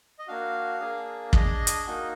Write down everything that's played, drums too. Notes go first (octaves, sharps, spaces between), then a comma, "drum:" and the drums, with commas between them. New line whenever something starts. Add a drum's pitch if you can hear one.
D#5
A#3 D4 F#4 F5
A#3 D4 G#4
D4 G#4 D#5, drum: kick
drum: hi-hat
A#3 D#4 F#4